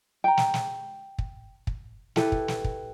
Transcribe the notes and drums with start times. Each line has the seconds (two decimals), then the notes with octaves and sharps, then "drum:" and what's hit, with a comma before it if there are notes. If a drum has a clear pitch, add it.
0.24 G5 A#5
0.37 drum: snare
0.54 drum: snare
1.19 drum: kick
1.67 drum: kick
2.16 E4 G4 A4 B4, drum: snare
2.32 drum: kick
2.48 drum: snare
2.64 drum: kick